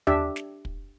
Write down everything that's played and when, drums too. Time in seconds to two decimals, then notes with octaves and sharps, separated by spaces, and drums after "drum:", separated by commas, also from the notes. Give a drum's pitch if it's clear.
0.07 D4 G4 E5, drum: tom D#2
0.36 drum: snare
0.65 drum: kick